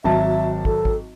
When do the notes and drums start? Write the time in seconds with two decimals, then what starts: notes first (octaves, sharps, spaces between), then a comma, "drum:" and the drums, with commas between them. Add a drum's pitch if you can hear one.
0.04 G#1 F#3 E5 A5
0.65 A4, drum: kick
0.85 drum: kick